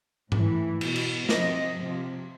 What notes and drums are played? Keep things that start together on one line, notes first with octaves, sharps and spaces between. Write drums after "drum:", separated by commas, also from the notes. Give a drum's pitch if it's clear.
A2 E3, drum: tom G#2
B2, drum: cymbal
drum: cymbal
F3 D#5, drum: snare
C3
C3 F3